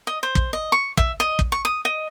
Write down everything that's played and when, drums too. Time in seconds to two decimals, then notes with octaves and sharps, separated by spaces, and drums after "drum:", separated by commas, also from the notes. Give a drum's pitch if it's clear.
0.07 D#5
0.23 C5
0.35 drum: kick
0.53 D#5
0.72 C#6
0.97 E5, drum: kick
1.20 D#5
1.39 drum: kick
1.52 C#6
1.65 D#6
1.85 D#5